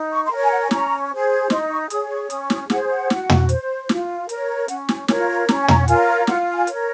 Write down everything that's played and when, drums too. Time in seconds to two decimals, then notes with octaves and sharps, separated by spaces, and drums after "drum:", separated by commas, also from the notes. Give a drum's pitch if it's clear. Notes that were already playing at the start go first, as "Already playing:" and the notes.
Already playing: D#4
0.12 C#6
0.25 C6
0.31 A#4 C#5 A#5
0.42 G#5
0.51 F#5
0.63 G#5
0.71 C#4 A#5, drum: snare
1.11 G#4 C5
1.50 D#4 C6, drum: snare
1.70 C#6
1.90 G#4 C#5 D#6, drum: hi-hat
2.11 C#6
2.30 C#4 D#6, drum: hi-hat
2.50 D#6, drum: snare
2.70 G#4 C5 F#5, drum: snare
2.90 F#5
3.10 F#4, drum: snare
3.30 drum: tom
3.49 C5, drum: hi-hat
3.89 F4, drum: snare
4.29 A#4 C#5, drum: hi-hat
4.68 C#4 F#5, drum: hi-hat
4.89 G#5, drum: snare
5.08 F4 A#4 C#5 G#5, drum: snare
5.28 A#5
5.49 C#4 A#5, drum: snare
5.61 G#5
5.68 A#5, drum: tom
5.83 F#5
5.88 F4 A#4 C#5 G#5, drum: hi-hat
6.08 F5
6.27 F4 F#5, drum: snare
6.54 G#5
6.67 A#4 C#5, drum: hi-hat